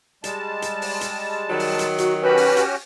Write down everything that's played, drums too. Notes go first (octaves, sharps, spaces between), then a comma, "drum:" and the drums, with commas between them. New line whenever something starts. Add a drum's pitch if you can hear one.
G3 G#3 A5, drum: hi-hat
drum: hi-hat
drum: open hi-hat
drum: hi-hat
D#3 F#3 D#4
drum: open hi-hat
drum: hi-hat
F#4, drum: hi-hat
C#4 F#4 G4 B4
drum: open hi-hat
drum: hi-hat